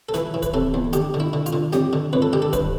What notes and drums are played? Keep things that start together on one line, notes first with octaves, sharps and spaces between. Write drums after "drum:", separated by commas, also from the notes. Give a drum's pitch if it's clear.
A4
E3 B4, drum: snare
E3
B4, drum: kick D1, hi-hat
C3 A4
E2
D3 G4, drum: hi-hat
D3
E4
D3
F4, drum: hi-hat
D3
F2 G4, drum: snare
D3
F2 B4
A4
D3 G4
A4
G2 B4, drum: kick D1, hi-hat